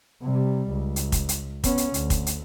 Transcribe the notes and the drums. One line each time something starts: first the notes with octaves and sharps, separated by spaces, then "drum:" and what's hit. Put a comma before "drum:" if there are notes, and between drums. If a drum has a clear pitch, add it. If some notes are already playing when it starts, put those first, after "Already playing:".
C3 G3
C#2
drum: hi-hat
drum: kick, hi-hat
drum: hi-hat
B3 C#4, drum: kick, hi-hat
drum: hi-hat
D2, drum: hi-hat
drum: kick, hi-hat
drum: hi-hat